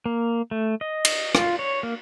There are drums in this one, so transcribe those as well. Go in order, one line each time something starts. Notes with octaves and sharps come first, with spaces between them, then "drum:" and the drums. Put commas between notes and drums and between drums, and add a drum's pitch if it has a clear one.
A#3
A3
D#5
drum: cymbal
F4, drum: rim click
C#5
A#3